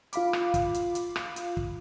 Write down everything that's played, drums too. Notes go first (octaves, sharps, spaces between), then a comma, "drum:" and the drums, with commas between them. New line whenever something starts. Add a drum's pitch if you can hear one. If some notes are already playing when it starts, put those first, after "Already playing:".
F4 F5 B5 D6, drum: hi-hat
drum: rim click
drum: kick, hi-hat
drum: hi-hat
drum: hi-hat
drum: rim click
drum: hi-hat
drum: kick